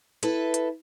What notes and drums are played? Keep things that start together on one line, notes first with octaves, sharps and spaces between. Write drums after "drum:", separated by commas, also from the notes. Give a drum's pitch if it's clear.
E4 A4 B4, drum: hi-hat
drum: hi-hat